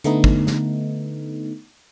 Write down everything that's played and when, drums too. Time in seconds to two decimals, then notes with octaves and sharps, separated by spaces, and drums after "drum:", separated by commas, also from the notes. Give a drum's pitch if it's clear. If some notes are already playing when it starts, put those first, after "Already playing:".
0.04 D3 A3 B3 D#4, drum: hi-hat
0.24 drum: kick
0.47 drum: snare